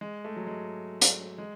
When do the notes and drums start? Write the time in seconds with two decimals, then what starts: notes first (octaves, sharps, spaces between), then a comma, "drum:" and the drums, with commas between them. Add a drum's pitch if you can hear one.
0.01 G#3
0.24 A3
0.36 F#3
0.47 G#3
1.01 drum: hi-hat
1.38 G#3